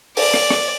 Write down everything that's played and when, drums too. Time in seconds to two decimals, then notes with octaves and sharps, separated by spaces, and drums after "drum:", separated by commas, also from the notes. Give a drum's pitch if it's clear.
0.17 D5, drum: open hi-hat
0.34 drum: rim click
0.50 drum: rim click